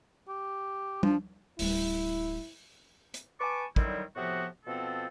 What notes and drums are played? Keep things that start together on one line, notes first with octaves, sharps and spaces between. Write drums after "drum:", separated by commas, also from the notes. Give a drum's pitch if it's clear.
G4
F3 D4, drum: tom G3
D1 G3 E4, drum: open hi-hat
drum: hi-hat
B4 G#5 A5 C#6 D6
D3 D#3 F#3 G3 C4 E4, drum: kick
A2 C3 F3 B3 F#4
B2 F3 B3 C4 A4